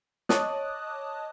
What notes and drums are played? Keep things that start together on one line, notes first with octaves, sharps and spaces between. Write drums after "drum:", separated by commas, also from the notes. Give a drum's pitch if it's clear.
C#5 D#5 A5 D6 D#6 F#6, drum: snare